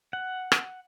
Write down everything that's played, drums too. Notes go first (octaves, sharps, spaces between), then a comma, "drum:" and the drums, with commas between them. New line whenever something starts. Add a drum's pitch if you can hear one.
F#5
drum: rim click